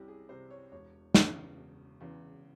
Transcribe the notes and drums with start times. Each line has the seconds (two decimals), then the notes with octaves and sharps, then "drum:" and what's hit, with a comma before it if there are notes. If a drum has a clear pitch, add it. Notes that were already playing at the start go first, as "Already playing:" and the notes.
Already playing: C2 C3 C#4 E4 G4
0.08 G#4
0.29 C3 G3 C5
0.50 C#5
0.72 E1 C#5
1.15 E2 C#3 E3, drum: snare
1.57 E1
2.00 E2 C#3 E3